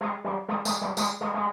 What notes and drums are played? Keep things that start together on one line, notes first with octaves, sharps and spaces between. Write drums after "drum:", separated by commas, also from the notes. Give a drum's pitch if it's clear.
G#3
G3
G#3
G#3, drum: tambourine
G3
G#3, drum: tambourine
G#3
G#3